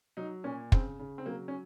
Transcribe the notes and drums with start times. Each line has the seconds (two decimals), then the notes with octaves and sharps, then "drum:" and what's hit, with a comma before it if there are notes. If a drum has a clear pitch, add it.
0.17 F#3 D#4
0.44 A#2 C#4
0.72 C#3 C4, drum: kick
0.99 C#3
1.18 C4
1.26 F#3 A#3
1.48 C#4